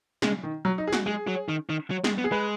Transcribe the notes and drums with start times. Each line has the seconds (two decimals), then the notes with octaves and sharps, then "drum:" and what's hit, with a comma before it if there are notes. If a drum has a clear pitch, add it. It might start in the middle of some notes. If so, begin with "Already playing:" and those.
0.22 C#3 G#3, drum: snare
0.43 D#3
0.65 F#3
0.78 D#4
0.87 G#4
0.93 F#4, drum: snare
1.06 G#3 G#4
1.27 F#3
1.49 D#3
1.69 D#3
1.91 F#3
2.04 G#3, drum: snare
2.18 B3
2.24 G#4
2.32 G#3 B4